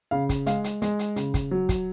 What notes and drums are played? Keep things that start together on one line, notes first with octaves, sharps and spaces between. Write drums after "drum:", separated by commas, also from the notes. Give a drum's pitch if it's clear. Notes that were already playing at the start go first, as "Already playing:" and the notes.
C#3 F5
drum: kick, hi-hat
G#3 F5, drum: hi-hat
drum: hi-hat
G#3, drum: hi-hat
drum: hi-hat
C#3, drum: hi-hat
drum: kick, hi-hat
F#3
drum: kick, hi-hat